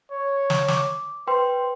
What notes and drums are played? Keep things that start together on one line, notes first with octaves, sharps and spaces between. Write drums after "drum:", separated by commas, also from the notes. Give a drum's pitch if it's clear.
C#5
drum: snare
D6, drum: snare
B4 C5 G5 C6